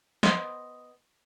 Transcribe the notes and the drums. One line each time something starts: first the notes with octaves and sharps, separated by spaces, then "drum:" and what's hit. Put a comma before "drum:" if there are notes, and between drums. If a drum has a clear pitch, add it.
B3 C5 D#5, drum: snare